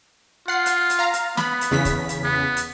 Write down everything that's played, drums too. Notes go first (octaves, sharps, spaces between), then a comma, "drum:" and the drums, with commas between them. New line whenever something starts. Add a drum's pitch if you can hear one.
F4 F#5 C7
drum: hi-hat
drum: hi-hat
F5 A#5
drum: hi-hat
B3 B5, drum: snare
drum: hi-hat
E2 C#3 B6
drum: kick, hi-hat
drum: hi-hat
B3
drum: hi-hat